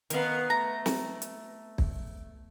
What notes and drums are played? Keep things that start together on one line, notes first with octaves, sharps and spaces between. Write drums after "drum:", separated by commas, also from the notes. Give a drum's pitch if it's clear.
D#3 B3 A#4 F5, drum: hi-hat
A3 A#5
drum: snare
drum: hi-hat
drum: kick